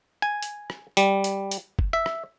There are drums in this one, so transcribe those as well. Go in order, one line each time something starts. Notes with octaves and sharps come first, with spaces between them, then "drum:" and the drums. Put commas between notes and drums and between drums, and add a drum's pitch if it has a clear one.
G#5
drum: hi-hat
drum: rim click
G3, drum: hi-hat
drum: hi-hat
drum: hi-hat
drum: kick
E5
drum: rim click